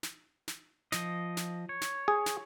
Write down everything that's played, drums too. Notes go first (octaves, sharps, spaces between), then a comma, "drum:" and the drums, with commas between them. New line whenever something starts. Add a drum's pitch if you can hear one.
drum: snare
drum: snare
F3 D#5, drum: snare
drum: snare
C#5
drum: snare
G#4
drum: snare